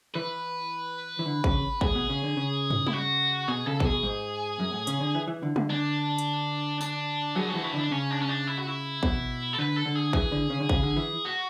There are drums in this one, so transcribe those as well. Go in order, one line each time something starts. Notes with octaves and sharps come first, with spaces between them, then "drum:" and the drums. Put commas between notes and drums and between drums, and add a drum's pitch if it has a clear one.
E3 B4
E3
D3
C#3, drum: kick A1
A2 G#4, drum: kick A1
B2
C#3
D3
C#3
drum: tom
E4, drum: tom G3
F#4
B2 G#4
C#3 A4
A4, drum: kick A1
B2 G#4
G#2
F#2
A2
C#3, drum: hi-hat
D3
E3
E3
D3
D3, drum: tom G3
D3 D4
drum: hi-hat
D4, drum: tambourine
F#3 G#4
F#4
E3
E4
D3 D4
C#3 C#4
D4
C#4
D4
E4
F#4
E4
B2, drum: kick A1
A4
D3 B4
A4
D3
G#4
E3 G#4, drum: kick A1
D3
C#3
D3
C#3, drum: kick A1
D3
E3
F#4